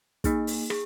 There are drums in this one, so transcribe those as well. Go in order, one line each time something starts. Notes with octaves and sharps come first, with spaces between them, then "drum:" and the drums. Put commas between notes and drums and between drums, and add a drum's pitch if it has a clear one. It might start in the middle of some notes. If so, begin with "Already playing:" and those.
A#3 D#4 G#4, drum: kick, hi-hat
drum: open hi-hat
G#4, drum: rim click